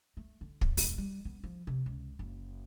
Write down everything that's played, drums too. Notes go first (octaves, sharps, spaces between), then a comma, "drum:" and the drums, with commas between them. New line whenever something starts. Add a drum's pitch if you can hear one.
A3
D3
F#3, drum: kick
E1, drum: open hi-hat
G3
B3
F3
C3
C#2
F#1